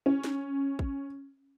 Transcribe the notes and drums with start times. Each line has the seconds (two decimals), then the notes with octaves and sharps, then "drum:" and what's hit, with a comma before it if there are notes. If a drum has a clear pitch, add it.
0.06 C#4
0.24 drum: snare
0.79 drum: kick